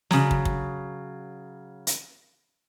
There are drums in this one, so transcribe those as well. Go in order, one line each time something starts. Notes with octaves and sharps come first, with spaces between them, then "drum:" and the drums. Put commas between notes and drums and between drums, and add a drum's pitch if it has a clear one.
C#3 F#3, drum: snare
drum: kick
drum: kick
drum: hi-hat